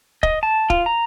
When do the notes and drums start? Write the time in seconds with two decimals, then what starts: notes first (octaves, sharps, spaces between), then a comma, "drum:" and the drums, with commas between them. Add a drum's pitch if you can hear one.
0.23 D#5, drum: kick
0.43 A5
0.70 F4, drum: kick
0.86 A#5